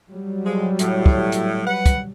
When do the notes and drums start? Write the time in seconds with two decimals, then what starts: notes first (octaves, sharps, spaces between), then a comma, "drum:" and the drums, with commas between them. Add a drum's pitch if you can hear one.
0.10 F#3 G3
0.45 F3 G#3
0.79 A2, drum: hi-hat
1.06 drum: kick
1.32 drum: hi-hat
1.66 B4 F#5
1.86 drum: kick, hi-hat